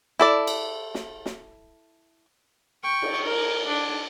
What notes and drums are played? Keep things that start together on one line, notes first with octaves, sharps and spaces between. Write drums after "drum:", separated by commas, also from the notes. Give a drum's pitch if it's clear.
E4 A4 D5
drum: cymbal
drum: snare
drum: snare
G5 C#6
drum: cymbal
A#4
D4